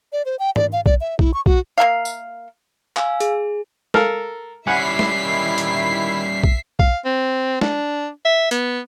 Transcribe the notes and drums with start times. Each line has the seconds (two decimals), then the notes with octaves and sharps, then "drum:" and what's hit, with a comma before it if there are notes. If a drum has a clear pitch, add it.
0.12 D5
0.25 C5
0.39 G5
0.56 D5, drum: tom G#2
0.73 F5
0.86 D5, drum: kick B1
1.01 E5
1.19 E4, drum: kick B1
1.34 C#6
1.46 F#4, drum: kick B1
1.78 A#3 A#4 E5 F5
2.05 drum: tambourine
2.97 F5 G#5 E6, drum: clap
3.20 G#4, drum: hi-hat
3.94 A4 A#4 F5, drum: snare
4.67 G3 C#4 E4 E5 F#5 G#5 B6 C7
4.99 drum: snare
5.22 D#3 E4
5.58 drum: hi-hat
6.44 drum: kick B1
6.79 F5, drum: kick B1
7.05 C4
7.61 D4, drum: snare
8.25 E5
8.51 B3, drum: hi-hat